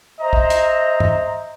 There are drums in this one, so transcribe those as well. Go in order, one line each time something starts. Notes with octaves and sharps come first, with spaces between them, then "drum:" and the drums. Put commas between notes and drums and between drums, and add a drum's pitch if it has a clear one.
C5 D#5 E5 A#5
drum: kick
drum: hi-hat
drum: tom